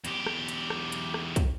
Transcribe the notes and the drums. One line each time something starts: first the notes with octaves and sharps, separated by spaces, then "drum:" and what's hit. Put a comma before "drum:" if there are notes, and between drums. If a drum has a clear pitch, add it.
E2 G4, drum: hi-hat
drum: rim click
drum: hi-hat
drum: rim click
drum: hi-hat
drum: rim click
drum: kick, hi-hat